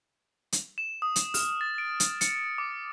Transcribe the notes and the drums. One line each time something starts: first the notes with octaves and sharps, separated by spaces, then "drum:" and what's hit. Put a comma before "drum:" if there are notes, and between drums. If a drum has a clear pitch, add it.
drum: hi-hat
E7
D#6
drum: hi-hat
F6, drum: open hi-hat
A6
D7
drum: hi-hat
C#7, drum: hi-hat
D6